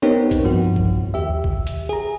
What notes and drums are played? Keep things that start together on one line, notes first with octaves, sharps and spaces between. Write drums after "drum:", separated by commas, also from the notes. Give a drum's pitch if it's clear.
B3 C4 D#4 G4 A#4 C#5
drum: kick A#1, hi-hat
G2 F3 F#4
drum: kick A#1
D#2 G4 E5
drum: kick A#1
drum: hi-hat
G#4 A#5